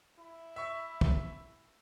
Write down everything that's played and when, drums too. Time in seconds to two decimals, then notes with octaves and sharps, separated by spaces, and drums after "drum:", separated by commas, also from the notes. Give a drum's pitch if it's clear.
0.19 E4
0.56 E5 C#6
1.01 drum: kick